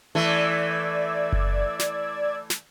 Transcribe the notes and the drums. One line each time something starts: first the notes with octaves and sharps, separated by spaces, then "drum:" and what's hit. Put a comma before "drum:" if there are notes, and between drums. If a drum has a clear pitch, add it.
E3 A3 D5 E6 G#6
drum: kick F#1
drum: snare
drum: snare